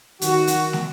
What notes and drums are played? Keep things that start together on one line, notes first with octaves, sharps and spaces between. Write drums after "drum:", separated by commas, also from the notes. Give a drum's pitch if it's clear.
D#3 F#4, drum: hi-hat
drum: hi-hat
drum: snare